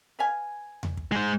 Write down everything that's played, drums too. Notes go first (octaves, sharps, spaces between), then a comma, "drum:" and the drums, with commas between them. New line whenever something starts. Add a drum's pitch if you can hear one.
B4 F5 G#5
drum: tom E2
drum: kick
G#3 C5